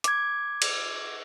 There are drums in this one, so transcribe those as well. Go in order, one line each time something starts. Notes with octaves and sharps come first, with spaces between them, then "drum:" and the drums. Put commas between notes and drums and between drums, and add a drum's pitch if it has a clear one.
D6 G#6, drum: hi-hat
drum: cymbal